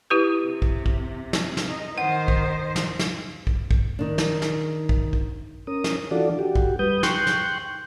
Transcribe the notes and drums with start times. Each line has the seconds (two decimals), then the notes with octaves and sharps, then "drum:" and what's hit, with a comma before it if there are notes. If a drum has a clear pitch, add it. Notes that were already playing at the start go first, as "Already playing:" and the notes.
0.10 E4 G4 B4
0.46 C3
0.62 drum: kick
0.86 drum: kick
1.33 drum: snare
1.57 drum: snare
1.68 D#4
1.98 D#3 C5 F#5
2.28 drum: kick
2.76 drum: snare
2.99 drum: snare
3.47 drum: kick
3.71 drum: kick
3.99 D#3 D4
4.18 drum: snare
4.42 drum: snare
4.89 drum: kick
5.13 drum: kick
5.67 C#4 A#4 D#6
5.84 drum: snare
6.11 E3 D4 F4 F#4 A4 D5
6.39 F#4 G4
6.55 drum: kick
6.79 G3 B4 D#6 G6
7.03 G5 C6 C#6 F#6 G6, drum: snare
7.27 drum: snare